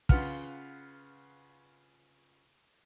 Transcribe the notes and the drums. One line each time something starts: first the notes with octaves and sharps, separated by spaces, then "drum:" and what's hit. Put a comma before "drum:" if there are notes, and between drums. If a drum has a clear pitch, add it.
C#3 F4 B4 F#5 F6, drum: kick